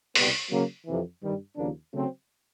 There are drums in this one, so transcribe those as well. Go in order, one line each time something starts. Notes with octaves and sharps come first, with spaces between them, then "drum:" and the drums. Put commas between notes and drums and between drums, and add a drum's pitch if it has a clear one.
C2 B2 G3 B3, drum: open hi-hat
C#3 F#3 A#3
F2 C3 E3
G2 D#3 G3
D#2 C#3 F3 A#3 D4
C#3 F#3 A3 C4